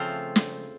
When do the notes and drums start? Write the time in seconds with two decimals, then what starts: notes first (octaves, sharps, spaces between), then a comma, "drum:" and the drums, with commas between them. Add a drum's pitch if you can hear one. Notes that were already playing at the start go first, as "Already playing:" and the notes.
Already playing: C#3 F3 A3 C4 F4
0.36 drum: snare